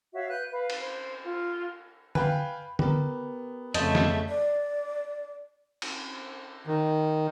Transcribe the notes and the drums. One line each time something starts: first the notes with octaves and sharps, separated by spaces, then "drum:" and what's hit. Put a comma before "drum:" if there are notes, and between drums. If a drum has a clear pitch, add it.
F#4 C#5 E5 F5
B4 F#6 G6
B4 F5
drum: cymbal
C5
F4
B4 F5 G5 G#5, drum: tom D3
B3 G4 A#4, drum: tom D3
F2 C#3 A3 F4 D#5 E5 A5 G6, drum: hi-hat
drum: snare
D5
drum: cymbal
D#3